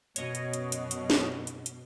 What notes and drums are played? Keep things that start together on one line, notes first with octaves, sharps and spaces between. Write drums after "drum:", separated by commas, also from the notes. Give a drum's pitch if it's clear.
F#2 B2 C#5 D#5, drum: hi-hat
drum: hi-hat
drum: hi-hat
drum: hi-hat
drum: hi-hat
drum: snare
drum: hi-hat
drum: hi-hat